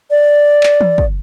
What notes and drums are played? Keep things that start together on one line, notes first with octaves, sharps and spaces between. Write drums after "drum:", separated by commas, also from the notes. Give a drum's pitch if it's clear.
D5
drum: clap
drum: tom E3
drum: kick